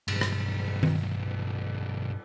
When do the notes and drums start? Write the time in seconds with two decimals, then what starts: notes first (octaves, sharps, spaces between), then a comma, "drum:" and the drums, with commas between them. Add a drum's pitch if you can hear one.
0.08 B1 G2, drum: cymbal
0.21 drum: rim click
0.83 drum: tom D#3